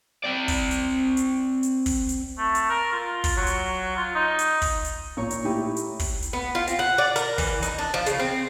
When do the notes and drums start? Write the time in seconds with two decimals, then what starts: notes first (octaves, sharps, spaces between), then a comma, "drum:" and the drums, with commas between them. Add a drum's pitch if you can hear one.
0.25 C4 D5
0.48 drum: kick, open hi-hat
0.71 drum: hi-hat
1.17 drum: hi-hat
1.63 drum: hi-hat
1.86 drum: kick, open hi-hat
2.09 drum: hi-hat
2.38 A3
2.55 drum: hi-hat
2.70 A#4
2.92 F4
3.24 drum: kick, open hi-hat
3.36 F#3
3.47 drum: hi-hat
3.96 F4
4.15 D#4
4.39 drum: hi-hat
4.62 drum: kick, open hi-hat
4.85 drum: hi-hat
5.17 A#2 C#5 A#5
5.31 drum: hi-hat
5.44 A3 D#4 E4 G4 G5
5.77 drum: hi-hat
5.99 drum: kick, open hi-hat
6.22 drum: hi-hat
6.33 B3
6.55 F4
6.67 C4, drum: hi-hat
6.79 F#5
6.98 D5
7.16 A#4, drum: hi-hat
7.38 E3, drum: kick, open hi-hat
7.63 D#4, drum: hi-hat
7.79 D4
7.94 F3
8.06 C#3, drum: hi-hat
8.19 C4